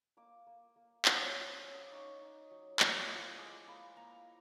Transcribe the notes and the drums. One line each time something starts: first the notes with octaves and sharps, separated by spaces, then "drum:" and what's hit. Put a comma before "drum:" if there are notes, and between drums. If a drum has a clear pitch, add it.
A#3 D6
A#3
A#3
F#3, drum: clap
F#3
C#4
D#6
D6
D#4 C#6
D#4
F#3
F3 D6, drum: clap
E4 D#6
G#3 D6
A#3 B5
A#3 A#5